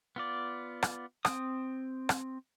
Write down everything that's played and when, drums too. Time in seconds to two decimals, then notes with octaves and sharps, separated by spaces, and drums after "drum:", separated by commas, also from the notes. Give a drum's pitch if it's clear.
0.16 B3 F4 D5
0.83 drum: rim click
1.25 C4 D#6, drum: rim click
2.09 drum: rim click